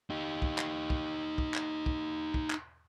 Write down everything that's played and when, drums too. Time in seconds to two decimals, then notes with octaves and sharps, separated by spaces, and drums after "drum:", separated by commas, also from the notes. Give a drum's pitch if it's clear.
0.10 D#4 G4
0.42 drum: kick
0.58 drum: clap
0.90 drum: kick
1.38 drum: kick
1.54 drum: clap
1.86 drum: kick
2.34 drum: kick
2.50 drum: clap